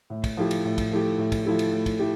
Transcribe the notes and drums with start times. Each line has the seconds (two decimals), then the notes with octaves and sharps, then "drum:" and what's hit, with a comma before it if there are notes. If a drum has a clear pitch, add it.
0.10 A2
0.24 drum: kick, cymbal
0.37 F3 A3 E4 G4
0.51 drum: cymbal
0.65 A2
0.78 drum: kick, cymbal
0.91 F3 A3 E4 G4
1.18 A2
1.32 drum: kick, cymbal
1.45 F3 A3 E4 G4
1.59 drum: cymbal
1.72 A2
1.86 drum: kick, cymbal
1.99 A3 E4 G4